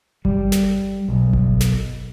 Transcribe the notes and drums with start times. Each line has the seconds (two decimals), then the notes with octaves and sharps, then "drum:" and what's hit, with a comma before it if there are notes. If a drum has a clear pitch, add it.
0.25 G3, drum: kick G1
0.52 drum: snare
1.09 B1
1.33 drum: kick G1
1.61 drum: snare